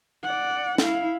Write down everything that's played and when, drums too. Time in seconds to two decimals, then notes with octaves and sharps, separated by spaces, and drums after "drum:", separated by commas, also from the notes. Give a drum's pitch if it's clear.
0.24 D5 F#5
0.78 E4 F5, drum: snare